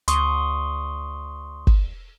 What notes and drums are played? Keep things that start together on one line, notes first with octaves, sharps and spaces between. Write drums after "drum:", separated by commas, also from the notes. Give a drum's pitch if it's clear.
D2 C6 C#6 D#6, drum: hi-hat
drum: kick